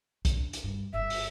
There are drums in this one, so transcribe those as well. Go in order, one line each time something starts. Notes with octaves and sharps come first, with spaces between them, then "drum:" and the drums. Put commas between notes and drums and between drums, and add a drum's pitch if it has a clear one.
D4, drum: kick A#1, hi-hat
drum: hi-hat
G2
G1 E5
drum: open hi-hat